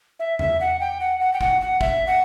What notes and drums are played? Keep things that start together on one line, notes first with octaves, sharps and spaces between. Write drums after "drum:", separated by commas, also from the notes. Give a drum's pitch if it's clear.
E5
E5, drum: tom E2
F#5
G5
F#5
F#5
G5
F#5, drum: kick
F#5
E5, drum: kick
F#5